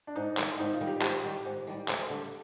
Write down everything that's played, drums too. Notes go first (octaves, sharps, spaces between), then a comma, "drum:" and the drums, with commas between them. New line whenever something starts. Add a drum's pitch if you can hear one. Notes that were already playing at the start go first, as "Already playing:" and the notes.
D4
G#2 D#4
D#3 G3, drum: clap
G#2 D#4
F4
D#3 G3
G4
G#2 G4, drum: clap
D#3 G3
G#2
D#3 G3
D2, drum: clap
D3 G3